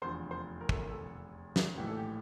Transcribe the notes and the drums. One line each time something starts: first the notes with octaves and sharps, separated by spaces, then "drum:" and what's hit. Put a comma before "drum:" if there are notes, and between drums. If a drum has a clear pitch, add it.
F1 E2 D3 F3 C5
C5
A#4
A4, drum: kick
A#4
A4
drum: snare
A#1 A2 E3 G4
A4
G4